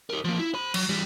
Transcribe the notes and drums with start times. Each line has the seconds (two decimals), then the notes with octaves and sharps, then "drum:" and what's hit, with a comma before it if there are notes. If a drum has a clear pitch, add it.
0.10 G4 A#4
0.25 F3 A#3
0.39 E4
0.54 C5 B5
0.74 F#3, drum: cymbal
0.89 E3 G3